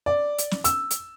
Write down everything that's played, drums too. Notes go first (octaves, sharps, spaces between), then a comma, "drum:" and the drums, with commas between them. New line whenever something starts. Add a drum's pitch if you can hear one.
D5
drum: hi-hat
drum: snare
E6, drum: hi-hat
drum: hi-hat